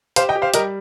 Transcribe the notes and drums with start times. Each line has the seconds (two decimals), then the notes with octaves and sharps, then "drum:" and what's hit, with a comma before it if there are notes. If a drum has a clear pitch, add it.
0.16 G4 C5 F5, drum: hi-hat
0.29 D#5 G5
0.35 G4
0.42 C5 F5
0.54 G3 A#4 D#5, drum: hi-hat